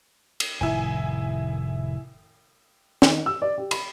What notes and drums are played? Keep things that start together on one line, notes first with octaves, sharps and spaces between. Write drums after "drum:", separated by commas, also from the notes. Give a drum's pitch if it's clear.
drum: cymbal
F1 A2 D#3 E4 G#5
D#3, drum: snare
E6
D5
G4
B5, drum: cymbal